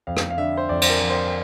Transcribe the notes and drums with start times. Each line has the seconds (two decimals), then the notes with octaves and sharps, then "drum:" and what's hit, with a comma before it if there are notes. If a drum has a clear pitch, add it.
0.07 F2 F5
0.17 drum: rim click
0.30 F5
0.37 D3 E5
0.57 C5
0.69 F2 D5
0.82 C5, drum: cymbal
0.90 A#4
1.00 F3
1.10 C5